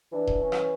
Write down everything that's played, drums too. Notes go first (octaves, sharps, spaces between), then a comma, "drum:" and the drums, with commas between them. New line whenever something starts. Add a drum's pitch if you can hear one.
E3 D4
drum: kick D#1
C#4
drum: rim click